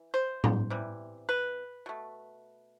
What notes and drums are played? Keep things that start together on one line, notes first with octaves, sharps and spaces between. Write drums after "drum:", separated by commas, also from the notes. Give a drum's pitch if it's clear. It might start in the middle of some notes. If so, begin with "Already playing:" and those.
Already playing: E3
C5
drum: tom A2
C3 E3 G3
B4
B2 A3